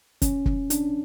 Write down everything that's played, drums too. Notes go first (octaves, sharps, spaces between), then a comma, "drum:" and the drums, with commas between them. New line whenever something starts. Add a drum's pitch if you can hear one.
C#4, drum: kick, hi-hat
drum: kick
D4, drum: hi-hat